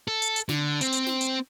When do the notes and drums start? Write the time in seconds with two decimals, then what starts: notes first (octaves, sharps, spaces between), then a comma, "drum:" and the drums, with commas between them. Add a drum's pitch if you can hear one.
0.08 A4
0.22 drum: hi-hat
0.36 drum: hi-hat
0.49 D3, drum: snare
0.81 C4, drum: hi-hat
0.92 drum: hi-hat
1.07 drum: snare
1.21 drum: hi-hat